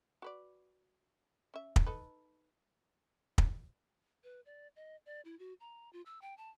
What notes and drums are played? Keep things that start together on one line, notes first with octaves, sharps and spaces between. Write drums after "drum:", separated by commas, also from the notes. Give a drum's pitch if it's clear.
F#4 B4 D5
C#4 E5
drum: kick
D#4 A4 B4
drum: kick
B4
D5
D#5
D5
E4
F#4
A#5
F4
E6
G5
A5